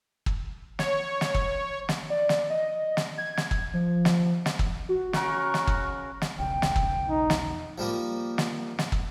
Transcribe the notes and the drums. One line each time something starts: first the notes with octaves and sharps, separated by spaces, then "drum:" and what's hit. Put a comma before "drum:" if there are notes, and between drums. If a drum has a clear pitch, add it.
drum: kick
C#5, drum: snare
drum: snare
drum: kick
drum: snare
D5
drum: snare
D#5
drum: snare
G#6
drum: snare
drum: kick
F3
drum: snare
drum: snare
drum: kick
F#4
C#3 F#4 A#4 C#6, drum: snare
drum: snare
drum: kick
drum: snare
E1 B1 C#3 G5
drum: snare
drum: kick
D#4
drum: snare
F3 G3 A#3
drum: snare
drum: snare
drum: kick